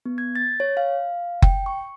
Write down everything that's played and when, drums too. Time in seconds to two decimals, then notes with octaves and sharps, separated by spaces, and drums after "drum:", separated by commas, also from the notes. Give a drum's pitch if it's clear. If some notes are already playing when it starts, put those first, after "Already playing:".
0.06 B3
0.18 G#6
0.36 A6
0.60 C#5
0.77 F5
1.42 G5, drum: kick F#1
1.66 C#6